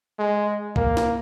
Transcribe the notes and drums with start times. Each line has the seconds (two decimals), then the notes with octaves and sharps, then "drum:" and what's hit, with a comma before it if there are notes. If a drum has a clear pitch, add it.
0.19 G#3
0.76 A#3, drum: kick
0.97 drum: snare